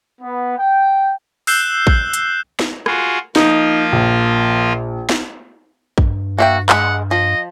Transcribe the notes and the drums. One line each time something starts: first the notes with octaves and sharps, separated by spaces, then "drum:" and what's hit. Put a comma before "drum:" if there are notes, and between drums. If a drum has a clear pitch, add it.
B3
G5
E6 F#6 G6 C7 E7 G7, drum: open hi-hat
drum: kick
drum: hi-hat
drum: snare
F4 F#4 G#4, drum: rim click
F3 A#3 D#4 F4, drum: snare
A#1
drum: snare
G2, drum: kick
A#3 F#4 E5 G5
G#3 D#5 F#5 B5, drum: clap
F3 D#5